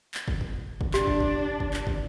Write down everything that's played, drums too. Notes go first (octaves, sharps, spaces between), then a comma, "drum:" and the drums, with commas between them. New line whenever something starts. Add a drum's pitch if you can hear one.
drum: clap
drum: kick
drum: kick
drum: kick
D4 G4, drum: clap
drum: kick
drum: kick
drum: kick
drum: clap
drum: kick